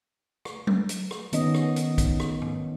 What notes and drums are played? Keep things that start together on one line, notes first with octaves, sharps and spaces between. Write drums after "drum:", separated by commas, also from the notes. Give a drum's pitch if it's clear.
drum: rim click
drum: tom F#3
drum: hi-hat
drum: rim click
D#3 B3 C#4 D#5, drum: hi-hat
drum: rim click
drum: hi-hat
drum: kick, hi-hat
drum: rim click
drum: tom G#2